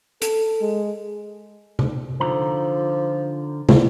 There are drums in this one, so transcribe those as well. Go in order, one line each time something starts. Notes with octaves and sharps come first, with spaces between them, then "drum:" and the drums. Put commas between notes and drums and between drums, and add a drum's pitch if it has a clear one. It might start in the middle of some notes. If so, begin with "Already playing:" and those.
A4, drum: hi-hat
G#3
drum: tom C3
D3 F3 D#4 A#5
drum: tom